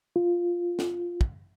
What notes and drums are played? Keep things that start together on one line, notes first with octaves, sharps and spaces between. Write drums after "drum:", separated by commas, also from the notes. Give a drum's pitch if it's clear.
F4
drum: snare
drum: kick